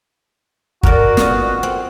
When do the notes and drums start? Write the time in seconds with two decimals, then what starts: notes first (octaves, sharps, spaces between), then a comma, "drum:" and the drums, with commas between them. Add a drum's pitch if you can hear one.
0.83 F#4 A#4 D5, drum: kick
1.17 B3 F4 D#5, drum: snare
1.63 C4